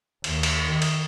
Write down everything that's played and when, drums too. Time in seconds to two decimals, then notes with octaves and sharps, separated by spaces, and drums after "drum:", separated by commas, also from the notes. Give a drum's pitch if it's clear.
0.24 D#2, drum: cymbal
0.43 drum: cymbal
0.68 D#3
0.82 drum: cymbal